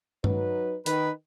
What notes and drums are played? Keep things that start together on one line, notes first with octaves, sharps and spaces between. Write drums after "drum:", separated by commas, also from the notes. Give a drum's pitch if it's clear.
F#3 D#4 B4, drum: tom G2
D#3 B4, drum: hi-hat